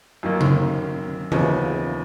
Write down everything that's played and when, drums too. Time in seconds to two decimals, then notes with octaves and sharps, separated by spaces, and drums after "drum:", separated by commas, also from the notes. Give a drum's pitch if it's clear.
0.23 F#2 D#3 A#3 D#4
0.41 drum: tom C#3
1.32 D#2 C#3 F3 B3 D#4, drum: tom E3